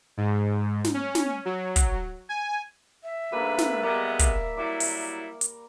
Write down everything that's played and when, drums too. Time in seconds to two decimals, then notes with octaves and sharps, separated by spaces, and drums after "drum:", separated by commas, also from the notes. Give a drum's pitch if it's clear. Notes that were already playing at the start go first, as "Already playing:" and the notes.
0.17 G#2
0.84 drum: snare
0.94 C#4
1.15 drum: snare
1.45 F#3
1.76 drum: kick, hi-hat
2.29 G#5
3.04 E5
3.32 D2 G#2 G3 A#3 A4 B4
3.58 drum: snare
3.83 G3 G#3 B3 A#4 D5 A#5
4.19 drum: kick, hi-hat
4.57 F#3 G3 E4 D6
4.80 drum: open hi-hat
5.41 drum: hi-hat